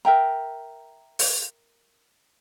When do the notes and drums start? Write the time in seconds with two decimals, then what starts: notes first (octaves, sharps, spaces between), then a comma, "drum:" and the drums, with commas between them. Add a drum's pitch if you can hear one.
0.05 A#4 E5 G5 A#5
1.19 drum: open hi-hat